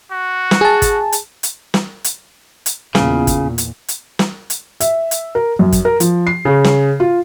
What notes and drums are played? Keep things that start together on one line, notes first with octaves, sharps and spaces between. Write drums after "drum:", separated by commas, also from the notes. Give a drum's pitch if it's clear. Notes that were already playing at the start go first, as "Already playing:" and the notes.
F#4
drum: snare
G#4 A5
drum: kick, hi-hat
drum: hi-hat
drum: hi-hat
drum: snare
drum: hi-hat
drum: hi-hat
E2 A#2 C#3, drum: snare
drum: kick, hi-hat
drum: hi-hat
drum: hi-hat
drum: snare
drum: hi-hat
E5, drum: hi-hat
drum: hi-hat
A#4
F#2
drum: kick, hi-hat
A#4
F3, drum: hi-hat
C7
C#3
drum: snare
F4